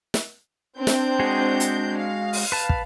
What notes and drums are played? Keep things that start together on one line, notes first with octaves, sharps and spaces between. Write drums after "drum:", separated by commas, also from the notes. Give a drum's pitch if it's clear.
drum: snare
C4 D4 G6
drum: snare
G#3 F#4 G#4
drum: hi-hat
F5
drum: open hi-hat
B4 A5
drum: kick